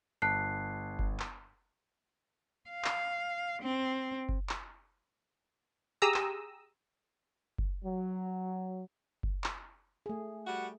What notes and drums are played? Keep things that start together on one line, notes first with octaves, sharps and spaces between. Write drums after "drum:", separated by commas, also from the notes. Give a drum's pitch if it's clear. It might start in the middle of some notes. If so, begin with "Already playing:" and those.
G1 A5 F#6 C7
drum: kick F#1
drum: clap
F5
drum: clap
C4
drum: kick F#1
drum: clap
G4 G#4 A#5 D#6 E6
drum: clap
drum: kick F#1
F#3
drum: kick F#1
drum: clap
A3 G#4
G3 F#4 F#5